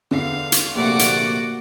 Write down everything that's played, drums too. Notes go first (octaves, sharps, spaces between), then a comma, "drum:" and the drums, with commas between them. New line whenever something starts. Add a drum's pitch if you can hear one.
E2 D3 F5 C7
drum: hi-hat
A#1 C3 A3 A#3 F#4 D5 F#5
drum: hi-hat